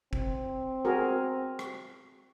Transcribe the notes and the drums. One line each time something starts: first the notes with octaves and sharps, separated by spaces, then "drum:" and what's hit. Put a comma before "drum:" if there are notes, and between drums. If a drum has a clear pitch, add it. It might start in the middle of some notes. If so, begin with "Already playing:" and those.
C4, drum: kick G1
F#4 G#4 A#4
drum: rim click